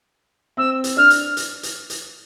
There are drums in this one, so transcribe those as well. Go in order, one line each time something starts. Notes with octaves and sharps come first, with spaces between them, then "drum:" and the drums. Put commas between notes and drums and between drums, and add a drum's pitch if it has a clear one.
C4 E6
drum: hi-hat
D4 F6
drum: hi-hat
drum: hi-hat
drum: hi-hat
drum: hi-hat